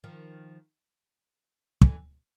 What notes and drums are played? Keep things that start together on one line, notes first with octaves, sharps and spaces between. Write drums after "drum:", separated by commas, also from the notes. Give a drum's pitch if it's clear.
D#3 F3
D3 E3, drum: kick